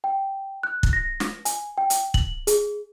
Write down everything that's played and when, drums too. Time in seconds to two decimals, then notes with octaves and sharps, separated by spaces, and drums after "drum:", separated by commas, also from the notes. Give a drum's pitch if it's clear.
0.04 G5
0.63 F#6
0.83 drum: kick
0.93 A#6
1.20 drum: snare
1.45 G#5, drum: hi-hat
1.78 G5
1.90 drum: hi-hat
2.14 F#7, drum: kick
2.47 G#4, drum: hi-hat